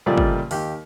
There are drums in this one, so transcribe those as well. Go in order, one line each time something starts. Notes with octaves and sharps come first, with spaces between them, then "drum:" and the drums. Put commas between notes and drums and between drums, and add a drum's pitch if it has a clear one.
C#2 A#2 F3 G3 A3 D5
drum: kick
D#2 G4, drum: open hi-hat